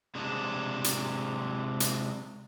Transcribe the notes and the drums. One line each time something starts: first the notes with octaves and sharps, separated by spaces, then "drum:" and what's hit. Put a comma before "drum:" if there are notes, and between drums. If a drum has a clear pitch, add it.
C3 G#3 D4
drum: hi-hat
drum: hi-hat